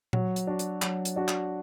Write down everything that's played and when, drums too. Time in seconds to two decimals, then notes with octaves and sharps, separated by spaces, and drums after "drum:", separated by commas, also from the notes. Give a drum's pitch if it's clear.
0.13 F#3, drum: tom A#2
0.36 drum: hi-hat
0.47 D4 F#4
0.59 drum: hi-hat
0.82 F#3, drum: clap
1.05 drum: hi-hat
1.16 D4 F#4
1.28 drum: clap